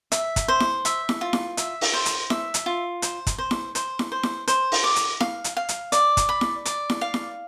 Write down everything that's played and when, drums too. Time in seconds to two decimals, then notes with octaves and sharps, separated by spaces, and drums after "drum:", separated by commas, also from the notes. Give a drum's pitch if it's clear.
0.12 E5, drum: hi-hat
0.36 drum: kick, hi-hat
0.48 C5
0.60 drum: snare E4
0.85 E5, drum: hi-hat
1.09 drum: snare E4
1.21 F4
1.33 drum: snare E4
1.57 E5, drum: hi-hat
1.81 drum: open hi-hat
1.93 C5
2.06 drum: hi-hat
2.30 E5, drum: snare E4
2.54 drum: hi-hat
2.66 F4
3.02 C5, drum: hi-hat
3.27 drum: kick, hi-hat
3.38 C5
3.51 drum: snare E4
3.75 C5, drum: hi-hat
3.99 drum: snare E4
4.12 C5
4.23 drum: snare E4
4.48 C5, drum: hi-hat
4.72 drum: open hi-hat
4.84 D6
4.96 drum: hi-hat
5.20 F5, drum: snare E4
5.44 drum: hi-hat
5.57 F5
5.69 drum: hi-hat
5.92 D5, drum: hi-hat
6.17 drum: kick, hi-hat
6.29 B5
6.41 drum: snare E4
6.66 D5, drum: hi-hat
6.90 drum: snare E4
7.01 F5
7.14 drum: snare E4